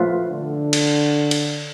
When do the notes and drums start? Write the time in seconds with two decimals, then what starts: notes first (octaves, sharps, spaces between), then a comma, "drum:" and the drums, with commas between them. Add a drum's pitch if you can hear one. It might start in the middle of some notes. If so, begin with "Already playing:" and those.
Already playing: F3 A3 F4 B4
0.29 D3
0.73 drum: cymbal
1.31 drum: cymbal